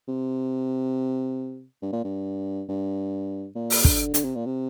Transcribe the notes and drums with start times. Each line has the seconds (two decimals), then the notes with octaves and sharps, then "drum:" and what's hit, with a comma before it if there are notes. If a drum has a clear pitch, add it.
0.08 C3
1.82 G2
1.93 A#2
2.04 G2
2.69 G2
3.55 A#2
3.70 drum: open hi-hat
3.84 D3, drum: kick
4.14 D3, drum: hi-hat
4.25 C3
4.35 A#2
4.46 C3